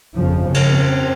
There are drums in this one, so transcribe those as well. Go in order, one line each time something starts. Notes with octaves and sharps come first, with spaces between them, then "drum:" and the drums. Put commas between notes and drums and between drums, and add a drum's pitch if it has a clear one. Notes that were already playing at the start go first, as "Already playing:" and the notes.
G1 F2 C#3 F3
C#3
drum: cymbal
C4